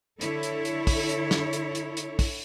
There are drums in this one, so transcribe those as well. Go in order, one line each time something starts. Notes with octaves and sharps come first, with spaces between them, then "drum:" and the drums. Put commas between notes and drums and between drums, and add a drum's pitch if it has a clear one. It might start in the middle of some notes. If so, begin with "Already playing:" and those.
D3 E4 A4 C#5, drum: hi-hat
drum: hi-hat
drum: hi-hat
drum: kick, open hi-hat
drum: hi-hat
drum: snare
drum: hi-hat
drum: hi-hat
drum: hi-hat
drum: kick, open hi-hat